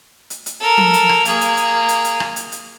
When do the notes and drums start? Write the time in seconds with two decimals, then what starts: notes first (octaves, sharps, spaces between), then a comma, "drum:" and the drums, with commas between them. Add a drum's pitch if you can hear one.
0.30 drum: hi-hat
0.46 drum: hi-hat
0.60 A4 A#4
0.78 drum: tom F3
0.93 drum: hi-hat
1.09 drum: rim click
1.25 A#3 G#4, drum: hi-hat
1.41 drum: hi-hat
1.57 drum: hi-hat
1.88 drum: hi-hat
2.04 drum: hi-hat
2.20 drum: rim click
2.36 drum: hi-hat
2.52 drum: hi-hat